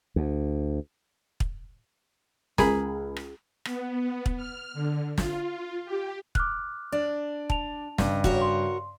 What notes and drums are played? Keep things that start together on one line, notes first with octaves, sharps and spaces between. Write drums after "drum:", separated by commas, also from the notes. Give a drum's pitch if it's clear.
D2
drum: kick
C#2 G#4 A#4 B5, drum: snare
drum: rim click
B3, drum: rim click
B3
drum: kick
F6
D3
F4, drum: snare
G4
D6 F6 F#6, drum: kick
D4 D5
A5 F7, drum: kick
G2 C#3 D#5, drum: snare
F#4 A#4 C#5, drum: kick
C6